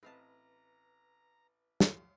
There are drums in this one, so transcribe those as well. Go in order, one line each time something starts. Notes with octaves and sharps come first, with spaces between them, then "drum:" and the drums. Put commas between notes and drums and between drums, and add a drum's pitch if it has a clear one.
A1 C4 B4 D#5 F5 A5 A#5
drum: snare